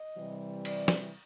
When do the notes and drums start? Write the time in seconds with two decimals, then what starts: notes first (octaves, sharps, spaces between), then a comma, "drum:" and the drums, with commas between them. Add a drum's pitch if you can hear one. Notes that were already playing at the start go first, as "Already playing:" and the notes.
Already playing: D#5
0.17 C3 E3 G3
0.65 D5, drum: cymbal
0.88 drum: snare